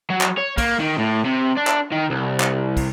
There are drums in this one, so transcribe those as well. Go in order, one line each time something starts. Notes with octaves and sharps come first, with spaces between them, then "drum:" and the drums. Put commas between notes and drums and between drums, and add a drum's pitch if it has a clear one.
F#3
drum: clap
C#5
A#3, drum: kick, cymbal
D#3
A2
C3
D4
drum: clap
D#3
C2
drum: clap
drum: kick, cymbal